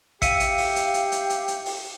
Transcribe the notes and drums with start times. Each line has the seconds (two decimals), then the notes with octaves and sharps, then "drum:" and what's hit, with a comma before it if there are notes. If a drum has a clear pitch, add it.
0.22 G4 E5 F5 C#7 D#7, drum: kick A1, hi-hat
0.40 drum: hi-hat
0.58 drum: open hi-hat
0.76 drum: hi-hat
0.94 drum: hi-hat
1.12 drum: hi-hat
1.30 drum: hi-hat
1.48 drum: hi-hat
1.66 drum: open hi-hat